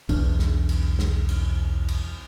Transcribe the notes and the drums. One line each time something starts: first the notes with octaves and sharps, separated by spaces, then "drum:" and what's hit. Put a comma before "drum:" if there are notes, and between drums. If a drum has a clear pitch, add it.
B1 E2 E3 D4, drum: kick, cymbal
drum: snare
drum: cymbal
drum: snare
drum: cymbal
drum: cymbal